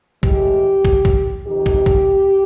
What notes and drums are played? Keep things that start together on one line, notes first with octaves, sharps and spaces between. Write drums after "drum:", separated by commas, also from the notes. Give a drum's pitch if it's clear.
A2 E3 G#3 G4, drum: kick
drum: kick
drum: kick
F2 C3 D#3 G4
drum: kick
drum: kick